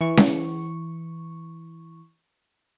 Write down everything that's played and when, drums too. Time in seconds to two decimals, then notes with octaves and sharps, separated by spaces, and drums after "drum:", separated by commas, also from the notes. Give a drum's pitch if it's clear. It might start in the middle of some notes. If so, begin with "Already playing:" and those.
0.01 E3 C#6
0.17 drum: snare C#4